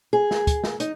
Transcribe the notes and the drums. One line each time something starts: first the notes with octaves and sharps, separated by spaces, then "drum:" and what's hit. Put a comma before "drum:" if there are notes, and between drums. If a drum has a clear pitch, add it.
G#4
drum: snare
drum: kick, hi-hat
drum: snare
D#4, drum: hi-hat